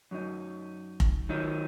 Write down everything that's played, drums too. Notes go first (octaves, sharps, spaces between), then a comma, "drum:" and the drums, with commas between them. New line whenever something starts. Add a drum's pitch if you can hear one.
F#2 F#3 D#4
drum: kick F1
D#3 F#3 D#4